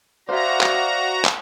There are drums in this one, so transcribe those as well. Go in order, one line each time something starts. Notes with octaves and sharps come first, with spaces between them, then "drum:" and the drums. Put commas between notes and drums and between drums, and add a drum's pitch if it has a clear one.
F#4 C5 D5 E5 F5 A#5
drum: clap
drum: clap